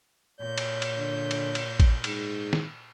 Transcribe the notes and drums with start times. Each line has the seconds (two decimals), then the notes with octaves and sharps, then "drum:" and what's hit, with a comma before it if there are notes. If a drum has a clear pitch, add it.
0.40 A#2 C#5 G6
0.58 drum: cymbal
0.82 drum: cymbal
0.97 D3
1.31 drum: cymbal
1.55 drum: cymbal
1.80 drum: kick A1, cymbal
2.04 G#2, drum: cymbal
2.53 drum: snare D#3